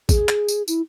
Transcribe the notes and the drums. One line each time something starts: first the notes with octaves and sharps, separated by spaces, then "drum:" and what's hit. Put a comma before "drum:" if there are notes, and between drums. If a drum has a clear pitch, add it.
G#4, drum: kick, tambourine
drum: clap
drum: tambourine
E4, drum: tambourine